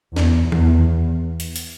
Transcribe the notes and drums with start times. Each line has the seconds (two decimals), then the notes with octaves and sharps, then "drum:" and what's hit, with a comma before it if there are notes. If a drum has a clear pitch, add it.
0.16 E2, drum: snare
0.52 E2, drum: tom D#3
1.40 drum: hi-hat
1.56 drum: hi-hat